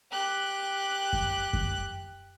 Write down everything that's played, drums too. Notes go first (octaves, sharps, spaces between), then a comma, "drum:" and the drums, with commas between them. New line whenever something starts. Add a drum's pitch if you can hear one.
G4 F#6
drum: kick F#2
drum: kick F#2